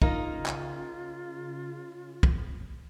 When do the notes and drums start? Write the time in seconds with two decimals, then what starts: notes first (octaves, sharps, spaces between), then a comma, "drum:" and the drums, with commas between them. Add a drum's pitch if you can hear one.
0.02 C#3 A#3 D#4 F4, drum: kick
0.46 drum: clap
2.23 drum: kick